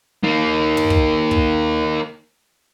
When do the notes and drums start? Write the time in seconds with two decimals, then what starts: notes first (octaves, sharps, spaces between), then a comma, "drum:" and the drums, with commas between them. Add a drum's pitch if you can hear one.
0.23 A#3 D#4
0.77 drum: tom
0.90 drum: kick
1.31 drum: kick